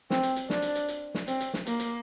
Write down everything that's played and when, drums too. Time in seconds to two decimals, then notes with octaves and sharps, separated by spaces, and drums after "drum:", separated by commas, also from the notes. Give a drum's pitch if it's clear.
0.10 C4, drum: snare
0.23 drum: hi-hat
0.36 drum: hi-hat
0.50 D4, drum: snare
0.62 drum: hi-hat
0.75 drum: hi-hat
0.88 drum: hi-hat
1.14 drum: snare
1.28 C4, drum: hi-hat
1.41 drum: hi-hat
1.54 drum: snare
1.67 A#3, drum: hi-hat
1.80 drum: hi-hat